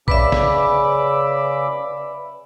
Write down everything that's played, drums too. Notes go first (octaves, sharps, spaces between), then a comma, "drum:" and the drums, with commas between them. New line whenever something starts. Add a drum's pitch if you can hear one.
C#3 B4 D5 E5 B5 D6 E6, drum: kick A#1
drum: snare